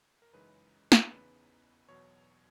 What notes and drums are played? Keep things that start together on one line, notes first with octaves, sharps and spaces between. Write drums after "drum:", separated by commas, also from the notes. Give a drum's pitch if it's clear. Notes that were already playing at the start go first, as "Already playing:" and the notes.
A#4
F#2 C#3 E3 G#3 D#4 B4
drum: snare
E2 C#3 E3 B3 D#4 B4
E2 B2 F#3 C#5